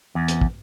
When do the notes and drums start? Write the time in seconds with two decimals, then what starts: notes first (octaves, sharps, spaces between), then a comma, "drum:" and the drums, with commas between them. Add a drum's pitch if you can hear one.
0.15 E2
0.28 drum: hi-hat
0.41 drum: kick